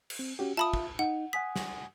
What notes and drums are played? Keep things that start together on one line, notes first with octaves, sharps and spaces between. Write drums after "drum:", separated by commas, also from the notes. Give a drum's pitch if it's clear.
drum: cymbal
C4
C#4 F#4 G4
F4 E5 A5 B5 D#6
drum: kick
D#4 F#5
F#5 G#5 D#6 B6
drum: snare